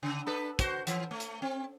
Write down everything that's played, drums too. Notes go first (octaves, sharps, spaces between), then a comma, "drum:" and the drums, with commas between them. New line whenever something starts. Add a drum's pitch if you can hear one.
C#3
D4 A4 B4
F#4 C5, drum: kick, hi-hat
E3, drum: hi-hat
A3
drum: hi-hat
C4